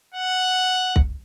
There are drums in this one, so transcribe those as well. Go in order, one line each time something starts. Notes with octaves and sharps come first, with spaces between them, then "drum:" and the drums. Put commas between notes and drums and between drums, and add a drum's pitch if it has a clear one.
F#5
drum: kick